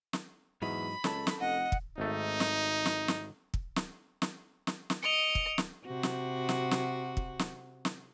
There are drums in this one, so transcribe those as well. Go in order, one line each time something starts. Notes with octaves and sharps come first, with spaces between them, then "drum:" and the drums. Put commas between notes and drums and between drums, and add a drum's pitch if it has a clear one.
drum: snare
E2 G#2 F#3 D#4 B5
C#2 C#4 A4 A5, drum: snare
drum: snare
F1 D#5 F#5
drum: kick
G#1 A3 D#4
drum: snare
drum: snare
drum: snare
drum: kick
drum: snare
drum: snare
drum: snare
drum: snare
D#5 C#7 D7 F7
drum: kick
drum: snare
C3 F#4
drum: snare
drum: snare
drum: snare
drum: kick
drum: snare
drum: snare